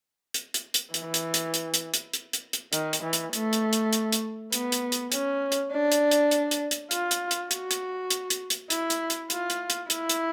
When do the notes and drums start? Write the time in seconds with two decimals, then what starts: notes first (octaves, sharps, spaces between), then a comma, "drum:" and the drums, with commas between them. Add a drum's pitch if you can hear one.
0.34 drum: hi-hat
0.54 drum: hi-hat
0.74 drum: hi-hat
0.94 E3, drum: hi-hat
1.14 drum: hi-hat
1.34 drum: hi-hat
1.54 drum: hi-hat
1.74 drum: hi-hat
1.94 drum: hi-hat
2.13 drum: hi-hat
2.33 drum: hi-hat
2.53 drum: hi-hat
2.73 D#3, drum: hi-hat
2.93 drum: hi-hat
3.03 E3
3.13 drum: hi-hat
3.33 A3, drum: hi-hat
3.53 drum: hi-hat
3.73 drum: hi-hat
3.93 drum: hi-hat
4.12 drum: hi-hat
4.52 B3, drum: hi-hat
4.72 drum: hi-hat
4.92 drum: hi-hat
5.12 C#4, drum: hi-hat
5.52 drum: hi-hat
5.72 D4
5.92 drum: hi-hat
6.11 drum: hi-hat
6.31 drum: hi-hat
6.51 drum: hi-hat
6.71 drum: hi-hat
6.91 F4, drum: hi-hat
7.11 drum: hi-hat
7.31 drum: hi-hat
7.51 F#4, drum: hi-hat
7.71 drum: hi-hat
8.10 drum: hi-hat
8.30 drum: hi-hat
8.50 drum: hi-hat
8.70 E4, drum: hi-hat
8.90 drum: hi-hat
9.10 drum: hi-hat
9.30 F4, drum: hi-hat
9.50 drum: hi-hat
9.70 drum: hi-hat
9.90 E4, drum: hi-hat
10.09 drum: hi-hat